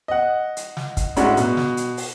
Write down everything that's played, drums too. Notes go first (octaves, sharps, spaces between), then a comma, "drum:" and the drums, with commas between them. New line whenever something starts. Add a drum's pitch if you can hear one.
D#5 F#5
drum: hi-hat
drum: snare
drum: kick, hi-hat
A2 G#3 C#4 D4 F#4, drum: hi-hat
B2, drum: hi-hat
drum: snare
drum: hi-hat
drum: open hi-hat